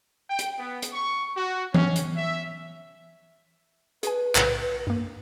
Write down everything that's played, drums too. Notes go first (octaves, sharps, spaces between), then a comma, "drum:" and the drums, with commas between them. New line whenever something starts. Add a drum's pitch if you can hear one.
G5
drum: hi-hat
B3
drum: hi-hat
C#6
F#4
C#4, drum: tom E3
drum: hi-hat
E5
G#4 B4 G#5, drum: hi-hat
B1 A2 C#3, drum: clap
G2 A#3